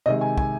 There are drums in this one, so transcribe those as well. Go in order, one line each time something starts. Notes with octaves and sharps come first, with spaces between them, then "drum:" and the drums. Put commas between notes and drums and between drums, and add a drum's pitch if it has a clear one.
C3 D#3 G#3 D#5
G#5
G#5, drum: kick